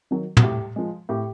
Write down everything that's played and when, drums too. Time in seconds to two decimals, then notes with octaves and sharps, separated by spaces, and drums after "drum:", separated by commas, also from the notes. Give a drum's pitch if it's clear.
0.11 D#3 F#3
0.37 F#4, drum: tom
0.43 A2 G4
0.76 F3 G#3
1.09 A2 G4